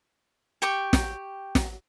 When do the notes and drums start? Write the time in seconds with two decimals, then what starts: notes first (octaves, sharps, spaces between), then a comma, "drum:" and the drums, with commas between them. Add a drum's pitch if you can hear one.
0.62 G4 G5 C#6
0.93 drum: snare
1.55 drum: snare